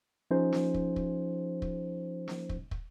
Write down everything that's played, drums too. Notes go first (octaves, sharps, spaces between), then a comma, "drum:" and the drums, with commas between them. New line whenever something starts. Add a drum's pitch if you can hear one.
F3 C#4 D#4 G#4 C5
drum: snare
drum: kick
drum: kick
drum: kick
drum: snare
drum: kick
drum: kick